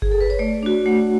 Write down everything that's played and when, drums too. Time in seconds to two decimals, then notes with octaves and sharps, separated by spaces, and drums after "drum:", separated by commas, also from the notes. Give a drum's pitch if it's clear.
0.02 G#4, drum: kick G1
0.11 A4
0.21 B4
0.30 C#5
0.39 A3 D5
0.63 D4 F#4
0.86 A3 F#5